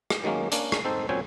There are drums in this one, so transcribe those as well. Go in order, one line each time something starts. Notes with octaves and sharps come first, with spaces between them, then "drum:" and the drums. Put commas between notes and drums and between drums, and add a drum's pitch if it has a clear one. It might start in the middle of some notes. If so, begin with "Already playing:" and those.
drum: rim click
D#3 F#3 G#3 A#3 C#4
A#3 C#4 D4, drum: hi-hat
drum: rim click
C4 D#4 A4 C5
A#2 F#3 C4 C#4 G5 G#5